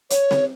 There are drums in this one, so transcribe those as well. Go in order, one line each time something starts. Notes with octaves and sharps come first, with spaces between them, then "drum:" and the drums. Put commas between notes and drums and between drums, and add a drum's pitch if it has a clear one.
C#5, drum: hi-hat
drum: snare C4